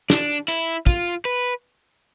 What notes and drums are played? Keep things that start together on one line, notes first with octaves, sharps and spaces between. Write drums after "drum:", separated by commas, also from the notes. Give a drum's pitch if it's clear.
D4, drum: snare
E4, drum: hi-hat
F4, drum: kick
B4